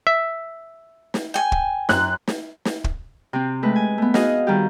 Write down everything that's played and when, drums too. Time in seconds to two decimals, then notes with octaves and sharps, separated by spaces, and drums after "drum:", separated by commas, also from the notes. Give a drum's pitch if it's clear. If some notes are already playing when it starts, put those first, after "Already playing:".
0.07 E5
1.14 drum: snare
1.34 G5 G#5
1.52 drum: kick
1.89 F#2 F#6, drum: snare
2.28 drum: snare
2.65 drum: snare
2.84 drum: kick
3.33 C3 C4
3.62 G#3 A3 B4
3.76 G#5
3.98 A3 B3
4.14 F#4 G#4 D#5 F5 F#5, drum: snare
4.47 D#3 G3 G4